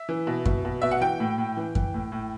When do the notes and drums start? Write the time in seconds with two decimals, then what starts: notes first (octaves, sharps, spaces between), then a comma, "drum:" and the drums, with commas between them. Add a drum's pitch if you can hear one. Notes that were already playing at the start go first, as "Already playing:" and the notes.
Already playing: E5
0.09 E3
0.27 B2
0.45 B2, drum: kick F#2
0.65 B2
0.82 B2 E5
0.91 F#5
1.01 E3 G5
1.20 A2
1.38 A2
1.57 E3
1.75 E3, drum: kick F#2
1.94 A2
2.12 A2